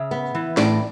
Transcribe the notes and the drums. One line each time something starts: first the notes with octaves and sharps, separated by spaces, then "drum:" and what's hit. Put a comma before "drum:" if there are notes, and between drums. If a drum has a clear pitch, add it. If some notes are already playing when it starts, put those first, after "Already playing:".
Already playing: C#3 E5
B3
E3
A2 D5, drum: snare